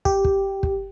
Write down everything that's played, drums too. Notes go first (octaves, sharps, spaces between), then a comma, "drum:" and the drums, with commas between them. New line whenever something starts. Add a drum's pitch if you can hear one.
G4, drum: kick
drum: kick
drum: kick